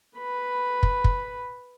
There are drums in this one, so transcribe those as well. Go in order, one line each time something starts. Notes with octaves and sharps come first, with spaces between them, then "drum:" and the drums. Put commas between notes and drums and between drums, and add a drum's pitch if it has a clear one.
B4 B5
drum: kick
drum: kick